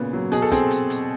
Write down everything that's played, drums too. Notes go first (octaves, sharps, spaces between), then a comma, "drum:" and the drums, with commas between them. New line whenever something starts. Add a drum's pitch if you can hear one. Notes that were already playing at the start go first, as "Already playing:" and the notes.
Already playing: A#2 C#3 B3
F#3
B2 G#4, drum: hi-hat
A4
C4 G#4, drum: kick, hi-hat
drum: hi-hat
drum: hi-hat